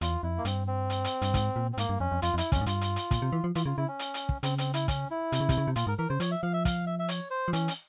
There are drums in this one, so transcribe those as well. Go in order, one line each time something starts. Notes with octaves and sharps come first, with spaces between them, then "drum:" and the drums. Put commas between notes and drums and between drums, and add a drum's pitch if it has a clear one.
E2 F4, drum: hi-hat
F2 E4
A#3
G2 C4, drum: hi-hat
C4
drum: hi-hat
drum: hi-hat
G2, drum: hi-hat
G#2, drum: kick, hi-hat
A#2
C4
G#2 A#3, drum: hi-hat
G2
F2 C#4
F2
F2 F4, drum: hi-hat
F2
E4, drum: hi-hat
F2 C#4, drum: kick, hi-hat
G#2
G2 F4, drum: hi-hat
drum: hi-hat
drum: hi-hat
A#2, drum: kick, hi-hat
C3
E3
F3
E3 F4, drum: hi-hat
C#3 F4
C#3 E4
C#4
drum: hi-hat
drum: hi-hat
drum: kick
C#3 C4, drum: hi-hat
C4, drum: hi-hat
E4, drum: hi-hat
C#4, drum: kick, hi-hat
E4
C3, drum: hi-hat
C#3
C3, drum: kick, hi-hat
C#3
C3
A#2 F4, drum: hi-hat
G#2 A#4
E3 A#4
C#3 C5
F3 C#5, drum: hi-hat
E5
F3 F5
E5
F5, drum: kick, hi-hat
E5
E5
C#5, drum: hi-hat
C5
F3
E3 C#4, drum: hi-hat
drum: hi-hat